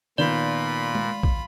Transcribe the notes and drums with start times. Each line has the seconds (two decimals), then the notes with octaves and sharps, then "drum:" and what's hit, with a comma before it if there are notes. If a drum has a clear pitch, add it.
0.18 A#2 D#3 F3 B3 F4 D5 B5
0.95 drum: tom G#3
1.23 drum: kick A#1